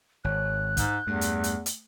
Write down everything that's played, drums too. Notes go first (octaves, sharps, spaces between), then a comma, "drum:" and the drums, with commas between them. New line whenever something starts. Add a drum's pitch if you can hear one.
G#1 C#5 F#6
G#2 G6, drum: kick, hi-hat
E2 G2 A3
drum: hi-hat
drum: hi-hat
drum: hi-hat